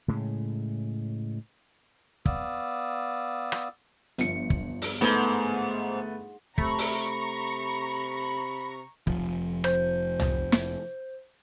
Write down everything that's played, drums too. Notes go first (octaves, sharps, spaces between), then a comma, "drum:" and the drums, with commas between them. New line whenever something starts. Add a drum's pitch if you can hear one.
A2 C#3 G#3
B3 D5 F5 D#6 E6, drum: kick
drum: rim click
G1 F3 C#7, drum: hi-hat
drum: kick
drum: open hi-hat
G#2 A3 B3
C3 A3 A#5 B5 C#6, drum: kick
drum: open hi-hat
F1 F3, drum: kick
C5 G6, drum: rim click
drum: tom
drum: snare